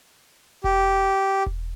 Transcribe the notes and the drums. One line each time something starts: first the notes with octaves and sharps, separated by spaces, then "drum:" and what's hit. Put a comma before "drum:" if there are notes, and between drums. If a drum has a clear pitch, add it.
G4, drum: kick E1
drum: kick E1